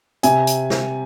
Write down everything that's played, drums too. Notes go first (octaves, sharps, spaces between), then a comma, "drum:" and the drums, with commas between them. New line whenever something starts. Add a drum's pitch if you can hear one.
C3 G#5, drum: hi-hat
drum: hi-hat
drum: snare